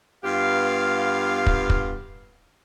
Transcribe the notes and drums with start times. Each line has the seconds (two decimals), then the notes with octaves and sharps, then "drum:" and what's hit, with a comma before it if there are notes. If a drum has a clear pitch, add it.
0.24 G2 B3 F4 G4 F5
1.46 drum: kick
1.70 drum: kick